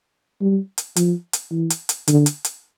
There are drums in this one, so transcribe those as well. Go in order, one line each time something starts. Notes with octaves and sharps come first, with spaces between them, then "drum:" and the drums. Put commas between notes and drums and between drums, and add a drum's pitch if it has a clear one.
G3
drum: hi-hat
F3, drum: hi-hat
drum: hi-hat
E3
drum: hi-hat
drum: hi-hat
D3, drum: hi-hat
drum: hi-hat
drum: hi-hat